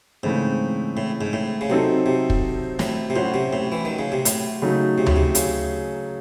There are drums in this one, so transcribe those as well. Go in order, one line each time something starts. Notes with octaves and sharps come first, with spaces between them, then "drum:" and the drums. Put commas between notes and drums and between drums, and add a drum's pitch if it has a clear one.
G#2 C#3 E3 A3 C4
A2
G#2
A2
C#3
C3 F#3 C4 D#4 A4 C5
C3
drum: kick
A2, drum: snare
C3
A2 F#3 C#4 F#4 C5
C3
A2
E3
D#3
C#3
C3
A2, drum: hi-hat
C#3 F#3 A3 D#4
C3
A2, drum: tom D2
C3
C#3, drum: hi-hat